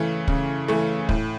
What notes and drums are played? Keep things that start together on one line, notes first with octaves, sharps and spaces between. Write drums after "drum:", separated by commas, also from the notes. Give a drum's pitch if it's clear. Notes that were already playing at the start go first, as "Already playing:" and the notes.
Already playing: C#3 E3 A3
C#3, drum: kick
E3 A3
A2, drum: kick